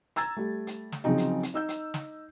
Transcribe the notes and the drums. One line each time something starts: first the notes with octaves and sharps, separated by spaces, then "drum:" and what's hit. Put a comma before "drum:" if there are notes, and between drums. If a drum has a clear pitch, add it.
A#5 E6 G#6 A6, drum: hi-hat
G3 A3
drum: hi-hat
drum: snare
C#3 F3 F#3 C4 D#4
drum: hi-hat
drum: hi-hat
D#4 E6 G6
drum: hi-hat
drum: snare